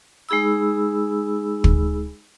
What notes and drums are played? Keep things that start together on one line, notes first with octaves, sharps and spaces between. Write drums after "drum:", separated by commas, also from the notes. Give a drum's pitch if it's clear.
G#3 D#4 G#4 B5 E6
drum: kick